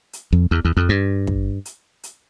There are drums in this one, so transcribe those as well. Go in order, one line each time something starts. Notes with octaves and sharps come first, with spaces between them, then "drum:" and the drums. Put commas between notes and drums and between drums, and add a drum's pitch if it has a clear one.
drum: hi-hat
F2
E2
E2
F2
G2
drum: kick
drum: hi-hat
drum: hi-hat